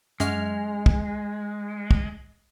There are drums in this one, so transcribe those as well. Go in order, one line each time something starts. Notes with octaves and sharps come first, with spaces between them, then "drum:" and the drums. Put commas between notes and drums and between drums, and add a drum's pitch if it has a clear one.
F#2 G#3 F6, drum: hi-hat
drum: kick
drum: kick